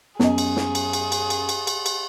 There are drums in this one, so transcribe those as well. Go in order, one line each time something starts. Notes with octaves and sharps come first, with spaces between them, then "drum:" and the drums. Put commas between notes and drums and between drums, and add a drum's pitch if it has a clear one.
F#2 B3 G#4 D#5, drum: snare
drum: cymbal
drum: snare
drum: cymbal
drum: cymbal
drum: cymbal
drum: cymbal
drum: cymbal
drum: cymbal
drum: cymbal